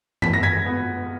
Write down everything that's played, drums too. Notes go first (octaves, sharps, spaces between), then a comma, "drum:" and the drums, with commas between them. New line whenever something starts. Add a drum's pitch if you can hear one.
B3 B6, drum: tom F#2
A#6
G#6 B6
B3